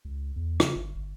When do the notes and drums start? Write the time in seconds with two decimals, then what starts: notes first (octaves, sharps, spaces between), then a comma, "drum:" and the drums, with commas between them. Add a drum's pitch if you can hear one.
0.05 C#2
0.36 E2
0.60 C#3, drum: rim click
0.76 G1
0.95 G1